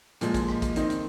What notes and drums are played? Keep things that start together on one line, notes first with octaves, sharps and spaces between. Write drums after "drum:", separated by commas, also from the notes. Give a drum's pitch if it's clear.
A#2 F3 G#3, drum: hi-hat
drum: kick, hi-hat
drum: rim click
drum: kick, hi-hat
D#3 C4 D#4, drum: hi-hat
drum: hi-hat